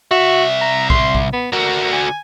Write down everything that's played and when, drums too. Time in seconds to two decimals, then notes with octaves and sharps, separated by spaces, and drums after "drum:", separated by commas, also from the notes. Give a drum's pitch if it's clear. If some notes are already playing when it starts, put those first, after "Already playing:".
0.11 C2 F#4 E5
0.61 A#5
0.90 C6, drum: kick A#1
1.15 drum: kick A#1
1.33 B3
1.52 D3 F#4 A#4
1.93 G#5